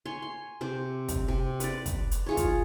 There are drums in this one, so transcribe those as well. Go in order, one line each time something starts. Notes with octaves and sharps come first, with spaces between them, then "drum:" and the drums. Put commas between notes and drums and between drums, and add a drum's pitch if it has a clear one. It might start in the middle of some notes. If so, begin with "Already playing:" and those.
C#5 G#5 C6
C6
C3 C5 D6
drum: kick, hi-hat
C3
B4 D5, drum: hi-hat
drum: kick, hi-hat
drum: hi-hat
F4 G#4 C#5
drum: kick, hi-hat